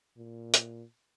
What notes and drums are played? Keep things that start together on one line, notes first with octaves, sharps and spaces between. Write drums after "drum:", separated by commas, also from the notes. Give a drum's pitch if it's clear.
A#2
drum: hi-hat